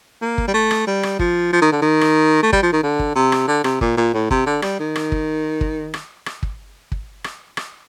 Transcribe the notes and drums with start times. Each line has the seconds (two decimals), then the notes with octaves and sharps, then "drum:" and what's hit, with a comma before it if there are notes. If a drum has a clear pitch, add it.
0.22 A#3
0.38 drum: kick
0.48 G3
0.54 A3
0.71 drum: rim click
0.87 G3
1.03 drum: rim click
1.19 F3, drum: kick
1.53 F3
1.62 D#3
1.72 D3
1.82 D#3
2.01 drum: rim click
2.43 A3
2.53 G3, drum: kick
2.63 F3
2.73 D#3
2.83 D3
2.99 drum: kick
3.16 C3
3.32 drum: rim click
3.48 D3
3.64 C3, drum: rim click
3.81 A#2, drum: kick
3.98 A#2
4.14 A2
4.31 C3, drum: kick
4.46 D3
4.62 G3, drum: rim click
4.80 D#3
4.96 drum: rim click
5.12 drum: kick
5.61 drum: kick
5.94 drum: rim click
6.26 drum: rim click
6.43 drum: kick
6.92 drum: kick
7.24 drum: rim click
7.57 drum: rim click